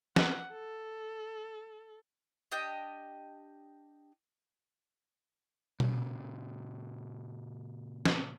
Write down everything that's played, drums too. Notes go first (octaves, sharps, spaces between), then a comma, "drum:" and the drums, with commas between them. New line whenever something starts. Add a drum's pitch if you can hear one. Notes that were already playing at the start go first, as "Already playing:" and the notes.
F#5, drum: snare
A4
D4 G4 D#5 G5
A#2 C#3, drum: tom B2
drum: snare